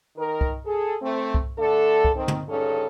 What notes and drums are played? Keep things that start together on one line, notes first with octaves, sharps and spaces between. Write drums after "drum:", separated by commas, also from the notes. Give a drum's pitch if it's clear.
D#3 A#4
drum: kick C2
G#4 A4
A3 C4
drum: kick C2
D3 A3 A4
drum: kick C2
D#3 C4
drum: tom
G2 C#3 C#4 D#4 A4